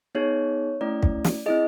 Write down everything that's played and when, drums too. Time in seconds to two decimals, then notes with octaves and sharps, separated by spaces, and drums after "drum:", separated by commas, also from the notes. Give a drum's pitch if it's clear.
0.15 B3 D#4 G#4 C#5
0.81 A3 C#4 E4 D5
1.03 drum: kick
1.24 drum: snare
1.46 C4 E4 G#4 D#5